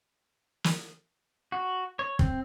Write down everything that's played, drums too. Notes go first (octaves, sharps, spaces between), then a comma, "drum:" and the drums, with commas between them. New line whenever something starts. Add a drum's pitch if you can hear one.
drum: snare
F#4
C#5
C4, drum: kick